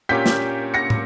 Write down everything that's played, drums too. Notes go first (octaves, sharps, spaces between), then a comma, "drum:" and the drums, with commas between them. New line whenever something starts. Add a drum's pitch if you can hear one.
A#2 A#3 C#4 G4 G6 B6
drum: snare
A#6 C#7
drum: tom